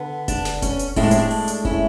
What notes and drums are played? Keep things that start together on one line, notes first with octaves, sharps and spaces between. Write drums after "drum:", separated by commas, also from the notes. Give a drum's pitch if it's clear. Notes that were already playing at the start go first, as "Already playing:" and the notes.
Already playing: D3 B3
D4, drum: kick F1, hi-hat
drum: snare
C#4, drum: kick F1, hi-hat
drum: hi-hat
A2 G#3 C#4 E4, drum: kick F1, open hi-hat
D4
C#4, drum: hi-hat
D4
drum: open hi-hat
drum: hi-hat
C#4 E4, drum: kick F1